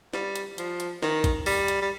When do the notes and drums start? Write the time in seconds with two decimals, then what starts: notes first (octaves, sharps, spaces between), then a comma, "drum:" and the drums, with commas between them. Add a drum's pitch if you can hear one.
0.14 G3, drum: snare
0.36 drum: hi-hat
0.58 F3, drum: hi-hat
0.80 drum: hi-hat
1.03 D#3, drum: snare
1.24 drum: kick, hi-hat
1.46 G3, drum: open hi-hat
1.68 drum: hi-hat
1.82 G3